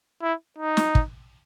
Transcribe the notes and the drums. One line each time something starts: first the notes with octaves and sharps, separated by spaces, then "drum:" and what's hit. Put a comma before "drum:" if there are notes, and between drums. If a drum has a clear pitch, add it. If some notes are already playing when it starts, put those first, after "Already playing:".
E4
D#4
drum: snare
drum: kick